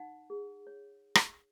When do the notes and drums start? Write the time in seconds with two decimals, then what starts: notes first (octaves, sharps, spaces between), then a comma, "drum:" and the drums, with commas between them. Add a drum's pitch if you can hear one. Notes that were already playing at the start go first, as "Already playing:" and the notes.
Already playing: D#4 F#5
0.30 G#4
0.67 C#5
1.15 drum: rim click